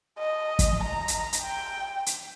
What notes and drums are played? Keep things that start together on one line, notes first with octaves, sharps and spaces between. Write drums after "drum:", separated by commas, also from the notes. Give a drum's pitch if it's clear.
D#5
drum: kick, hi-hat
A#5
drum: hi-hat
drum: hi-hat
G5
drum: hi-hat